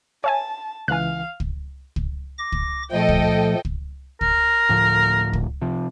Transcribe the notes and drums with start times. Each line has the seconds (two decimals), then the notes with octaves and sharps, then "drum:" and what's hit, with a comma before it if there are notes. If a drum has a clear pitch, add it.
0.24 C#5 E5 G#5 A5
0.88 C#2 E3 F5 G#5 F#6
1.40 drum: kick
1.96 drum: kick
2.38 D6 A#6
2.52 drum: kick
2.92 A#2 F3 A3 A4 D#5 G5
3.09 drum: kick
3.65 drum: kick
4.21 A#4, drum: kick
4.69 D2 A2 F3
5.33 drum: kick
5.62 C3 F3